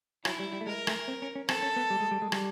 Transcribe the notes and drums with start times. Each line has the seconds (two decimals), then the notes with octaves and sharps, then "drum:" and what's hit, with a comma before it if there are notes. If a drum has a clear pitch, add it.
0.25 F#3 E4, drum: rim click
0.39 G3
0.53 G3
0.61 A3
0.67 G#3 A#4
0.87 A3, drum: rim click
1.08 C4
1.22 C#4
1.35 C#4
1.49 C4 A4, drum: rim click
1.62 C#4
1.76 B3
1.90 G3
2.00 G#3
2.11 G3
2.22 G#3
2.32 G3, drum: rim click